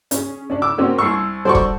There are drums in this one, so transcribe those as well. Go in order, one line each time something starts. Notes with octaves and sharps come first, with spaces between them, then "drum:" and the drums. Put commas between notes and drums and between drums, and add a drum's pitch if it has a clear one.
C#4 G#4, drum: hi-hat
C#4 D4
D6 E6
A#3 C4 C#4 F#4
C2 C#6 E6 C7
G3 F#4 A4 C5 D5 C#6
drum: kick